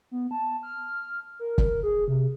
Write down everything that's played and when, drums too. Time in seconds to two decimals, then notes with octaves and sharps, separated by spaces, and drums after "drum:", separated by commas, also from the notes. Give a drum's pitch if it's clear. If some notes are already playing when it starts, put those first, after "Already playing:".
0.11 B3
0.31 A5
0.63 F6
1.39 A#4
1.58 drum: kick
1.83 G#4
2.08 C3